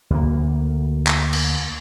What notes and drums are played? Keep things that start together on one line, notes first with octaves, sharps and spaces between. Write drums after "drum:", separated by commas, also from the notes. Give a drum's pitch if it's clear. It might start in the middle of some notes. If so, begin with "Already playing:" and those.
D2 A#3
drum: clap
drum: cymbal